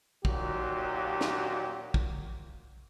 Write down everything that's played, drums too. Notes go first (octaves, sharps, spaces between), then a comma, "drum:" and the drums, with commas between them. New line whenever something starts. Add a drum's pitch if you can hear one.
D#2 A#2 F#3 F#4 G4, drum: kick
drum: snare
drum: kick